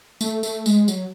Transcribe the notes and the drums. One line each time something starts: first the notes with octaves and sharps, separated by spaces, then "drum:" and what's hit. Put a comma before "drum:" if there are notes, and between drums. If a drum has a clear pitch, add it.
A3, drum: tambourine
A3, drum: tambourine
G#3, drum: tambourine
F#3, drum: tambourine